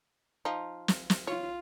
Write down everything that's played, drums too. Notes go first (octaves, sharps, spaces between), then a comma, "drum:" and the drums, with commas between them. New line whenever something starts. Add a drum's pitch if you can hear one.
F3 D#4
drum: snare
drum: snare
F4 C#5